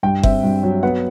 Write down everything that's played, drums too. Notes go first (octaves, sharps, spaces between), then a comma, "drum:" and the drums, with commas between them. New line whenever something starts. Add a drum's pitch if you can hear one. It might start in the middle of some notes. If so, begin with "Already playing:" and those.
G2 G5
C4 E5, drum: kick F#1
G2
F#3
B3 F#5